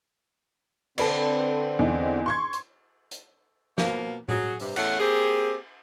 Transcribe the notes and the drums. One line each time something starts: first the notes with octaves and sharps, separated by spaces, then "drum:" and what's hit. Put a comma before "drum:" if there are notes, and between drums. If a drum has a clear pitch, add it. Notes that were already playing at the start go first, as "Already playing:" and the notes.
D3 C4 A4 B4 D5, drum: cymbal
E2 D#4
C6 C#6 G#6
drum: hi-hat
drum: hi-hat
B2 F3 A#3, drum: snare
F#3 G#4, drum: tom A2
G2 C3, drum: open hi-hat
E2 A3 C#4 F#5, drum: cymbal
A#3 C4 G4 G#4